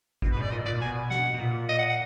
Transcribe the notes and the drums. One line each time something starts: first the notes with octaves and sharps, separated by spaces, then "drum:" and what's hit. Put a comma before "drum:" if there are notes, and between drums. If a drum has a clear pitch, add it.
B2, drum: kick G#1
B4
G#2 D5
A#2 D#5
A#2 D5
B2 G#5
F#5, drum: snare
B2
A#2
D#5
F#5
F#5